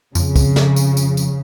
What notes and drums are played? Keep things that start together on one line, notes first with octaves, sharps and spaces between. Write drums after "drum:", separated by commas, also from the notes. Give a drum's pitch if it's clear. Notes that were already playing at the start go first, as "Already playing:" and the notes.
F2 C#3, drum: tambourine
drum: kick, tambourine
drum: snare
drum: tambourine
drum: tambourine
drum: tambourine